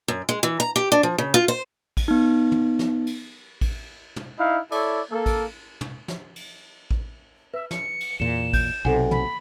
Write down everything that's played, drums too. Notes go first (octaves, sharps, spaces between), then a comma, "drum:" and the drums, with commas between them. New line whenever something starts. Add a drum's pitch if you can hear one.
F#2
G#3
E3
A#5
G4
D4
F3
C#3
F4
C5
drum: kick A1, cymbal
B3 D#4
drum: tom
drum: snare
drum: cymbal
drum: kick A1, cymbal
drum: tom
D#4 E4 F5
E4 A4 C#5 D5, drum: cymbal
A#3 A4
drum: kick A1, cymbal
drum: tom
drum: snare
drum: cymbal
drum: kick A1
B4 E5
C#7, drum: snare
drum: cymbal
E2 A#2 C#7 E7
G6, drum: kick A1, cymbal
B1 C3 A4 F#5 G#5
B5, drum: tom